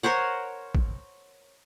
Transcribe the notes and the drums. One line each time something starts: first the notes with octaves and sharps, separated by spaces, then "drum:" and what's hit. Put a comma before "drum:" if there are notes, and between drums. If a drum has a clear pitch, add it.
A#4 C5 C#5 F#5
drum: kick A1